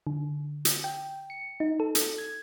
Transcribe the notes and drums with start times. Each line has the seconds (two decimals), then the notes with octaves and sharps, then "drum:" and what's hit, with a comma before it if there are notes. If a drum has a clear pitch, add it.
0.07 D3
0.65 drum: hi-hat
0.84 G5
1.30 C#7
1.60 D#4
1.80 A4
1.95 drum: hi-hat
2.18 G#6